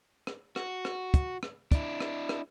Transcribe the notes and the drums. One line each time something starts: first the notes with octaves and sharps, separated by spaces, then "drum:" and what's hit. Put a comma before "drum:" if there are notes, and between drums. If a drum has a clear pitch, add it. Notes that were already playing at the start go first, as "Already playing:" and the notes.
drum: rim click
F#4, drum: rim click
drum: rim click
drum: kick, hi-hat
drum: rim click
D4 E4, drum: kick, hi-hat
drum: rim click
drum: rim click